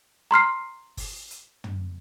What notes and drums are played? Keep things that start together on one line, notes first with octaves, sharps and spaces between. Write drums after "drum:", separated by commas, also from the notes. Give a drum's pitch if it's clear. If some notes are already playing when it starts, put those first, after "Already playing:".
A#5 C6 F6 C7
drum: kick F#1, open hi-hat
drum: hi-hat
drum: tom